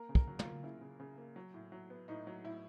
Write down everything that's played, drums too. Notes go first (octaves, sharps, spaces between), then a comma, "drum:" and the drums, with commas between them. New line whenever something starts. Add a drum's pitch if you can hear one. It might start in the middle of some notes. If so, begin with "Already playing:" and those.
Already playing: A#3 A#4
C#3
A#4, drum: kick
F#3
F4, drum: tom
A#3
C#3 E4
C#3
C#3
A#3
F#3
A2
F#3
B3
A2 D#4
F#3
A2 E4